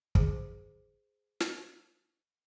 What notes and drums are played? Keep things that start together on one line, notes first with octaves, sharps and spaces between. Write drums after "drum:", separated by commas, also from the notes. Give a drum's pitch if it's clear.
G#4 C5, drum: kick
drum: snare